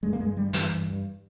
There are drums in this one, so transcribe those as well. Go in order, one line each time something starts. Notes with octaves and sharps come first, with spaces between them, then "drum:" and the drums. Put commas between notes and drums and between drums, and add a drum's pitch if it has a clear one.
G2 G#3
A#3
G2 G#3
G2 G3
G2 E3, drum: hi-hat
G2
G2